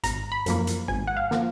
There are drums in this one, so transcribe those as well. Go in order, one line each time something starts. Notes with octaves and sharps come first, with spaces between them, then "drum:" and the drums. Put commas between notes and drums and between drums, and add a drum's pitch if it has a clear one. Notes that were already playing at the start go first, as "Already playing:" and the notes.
G#1 A#5, drum: hi-hat
B5
F#2 F3 A#3, drum: hi-hat
drum: hi-hat
G#1 G#5
F#5
F5
F3 A#3, drum: snare